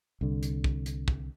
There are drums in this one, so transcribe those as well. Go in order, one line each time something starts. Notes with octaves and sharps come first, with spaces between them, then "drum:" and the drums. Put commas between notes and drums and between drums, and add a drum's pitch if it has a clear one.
C2 D3
drum: hi-hat
drum: kick
drum: hi-hat
drum: kick